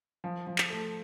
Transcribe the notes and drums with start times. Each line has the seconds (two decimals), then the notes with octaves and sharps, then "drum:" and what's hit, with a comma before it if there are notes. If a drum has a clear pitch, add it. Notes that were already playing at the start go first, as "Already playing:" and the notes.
0.24 F3
0.47 F3
0.58 drum: clap
0.70 A3